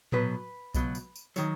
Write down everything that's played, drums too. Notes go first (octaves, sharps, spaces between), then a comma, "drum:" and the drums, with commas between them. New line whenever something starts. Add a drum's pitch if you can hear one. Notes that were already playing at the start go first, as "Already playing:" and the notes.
B1 B2 F#3 B4, drum: tom A2
C#2 B2 F#3, drum: kick B1, tambourine
drum: tambourine
drum: tambourine
D#3 F#3 C#5, drum: tambourine